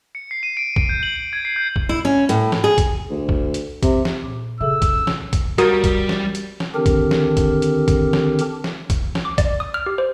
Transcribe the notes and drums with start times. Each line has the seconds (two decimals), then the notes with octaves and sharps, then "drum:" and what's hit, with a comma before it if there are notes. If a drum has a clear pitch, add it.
0.15 C#7
0.31 C7
0.43 D#7
0.57 D7
0.76 D7, drum: kick
0.89 G6
1.03 F#7
1.16 F#7
1.33 G#6
1.45 C7
1.56 G6
1.76 drum: kick
1.89 E4
2.05 C#4
2.29 A2, drum: hi-hat
2.52 drum: snare
2.64 G#4
2.78 drum: kick, hi-hat
3.10 D2
3.29 drum: kick
3.54 drum: hi-hat
3.83 C3, drum: kick, hi-hat
4.05 drum: snare
4.22 A#2 D6
4.61 C#3 G#4 A4 E5 E6
4.82 drum: kick, hi-hat
5.07 drum: snare
5.33 drum: kick, hi-hat
5.58 G3 F#4 A#4 D#6, drum: hi-hat
5.84 drum: kick, hi-hat
6.09 drum: snare
6.35 drum: hi-hat
6.60 drum: snare
6.75 D3 D#3 C4 D4 G4 A#4
6.86 drum: kick, hi-hat
7.11 drum: snare
7.37 drum: kick, hi-hat
7.62 drum: hi-hat
7.88 drum: kick, hi-hat
8.13 drum: snare
8.39 drum: hi-hat
8.64 drum: snare
8.90 drum: kick, hi-hat
9.15 drum: snare
9.25 D6
9.38 D5, drum: kick, hi-hat
9.60 D#6
9.74 F6
9.86 G4
9.98 C5